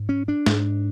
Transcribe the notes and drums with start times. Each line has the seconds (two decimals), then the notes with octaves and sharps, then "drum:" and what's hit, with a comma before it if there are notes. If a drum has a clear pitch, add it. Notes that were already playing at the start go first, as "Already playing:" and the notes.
Already playing: G#2
0.09 C#4
0.28 D4
0.46 G#2, drum: snare